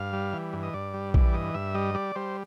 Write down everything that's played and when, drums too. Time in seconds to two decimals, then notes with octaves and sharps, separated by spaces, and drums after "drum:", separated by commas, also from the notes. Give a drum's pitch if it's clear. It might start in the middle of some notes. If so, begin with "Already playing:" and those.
Already playing: G2 F5
0.13 G3
0.33 E3
0.53 G2
0.63 D#5
0.74 G2 D5
0.94 G3
1.14 E3 D5, drum: kick A#1
1.34 G2 D#5
1.54 G2 E5
1.75 G3 D#5
1.94 G3 D5
2.15 G3 C5